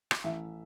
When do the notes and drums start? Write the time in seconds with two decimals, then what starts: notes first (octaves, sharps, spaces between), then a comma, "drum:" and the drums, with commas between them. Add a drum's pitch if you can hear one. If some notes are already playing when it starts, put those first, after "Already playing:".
0.11 drum: rim click
0.24 A1 E5